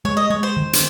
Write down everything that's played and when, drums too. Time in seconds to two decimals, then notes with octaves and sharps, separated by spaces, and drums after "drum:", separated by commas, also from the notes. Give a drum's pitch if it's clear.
0.05 G#3 C#5
0.17 D#5
0.30 G#3 C#5
0.43 C5
0.57 D#3
0.73 drum: hi-hat